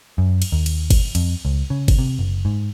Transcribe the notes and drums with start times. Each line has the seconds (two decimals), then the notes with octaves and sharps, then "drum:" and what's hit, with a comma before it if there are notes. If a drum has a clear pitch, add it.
0.18 F#2
0.42 drum: cymbal
0.52 D#2
0.66 drum: cymbal
0.90 drum: kick G1, cymbal
1.15 F2, drum: cymbal
1.45 C#2
1.70 C#3
1.88 drum: kick G1, cymbal
1.99 C3
2.19 F#1
2.45 G#2